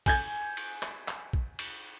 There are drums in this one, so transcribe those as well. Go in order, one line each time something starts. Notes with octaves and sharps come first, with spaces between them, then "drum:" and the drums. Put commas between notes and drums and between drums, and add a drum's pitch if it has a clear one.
G#5 G6 G#6, drum: kick, cymbal
drum: cymbal
drum: clap
drum: clap
drum: kick
drum: cymbal